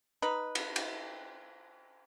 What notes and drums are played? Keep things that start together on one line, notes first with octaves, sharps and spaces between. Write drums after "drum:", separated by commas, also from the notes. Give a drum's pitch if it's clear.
D#4 B4
drum: cymbal
drum: cymbal